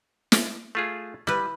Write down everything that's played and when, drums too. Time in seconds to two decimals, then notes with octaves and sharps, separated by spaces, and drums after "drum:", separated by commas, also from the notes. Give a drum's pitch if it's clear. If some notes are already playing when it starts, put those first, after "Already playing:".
0.32 drum: snare
0.75 A3 F4 G#4
1.27 G3 E4 B4